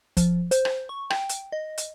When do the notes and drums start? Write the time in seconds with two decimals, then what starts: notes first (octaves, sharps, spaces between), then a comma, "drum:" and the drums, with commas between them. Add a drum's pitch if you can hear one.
0.17 F3, drum: kick, hi-hat
0.51 C5, drum: hi-hat
0.65 drum: rim click
0.89 C#6
1.10 G5, drum: rim click
1.29 drum: hi-hat
1.52 D#5
1.78 drum: hi-hat